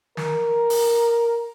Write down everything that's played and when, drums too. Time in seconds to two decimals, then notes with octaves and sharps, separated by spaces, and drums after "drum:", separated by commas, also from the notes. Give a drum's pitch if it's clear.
0.17 A#4, drum: snare
0.70 drum: open hi-hat